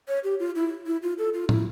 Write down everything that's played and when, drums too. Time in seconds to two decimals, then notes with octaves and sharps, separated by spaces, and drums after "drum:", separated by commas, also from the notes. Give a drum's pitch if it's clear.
0.08 C#5
0.24 G4
0.40 F4
0.56 E4
0.86 E4
1.02 F4
1.18 A4
1.34 F4
1.49 E4, drum: tom